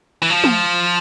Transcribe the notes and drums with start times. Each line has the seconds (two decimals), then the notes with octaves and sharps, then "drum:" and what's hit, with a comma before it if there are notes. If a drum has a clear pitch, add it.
0.22 E3
0.30 F3
0.44 drum: tom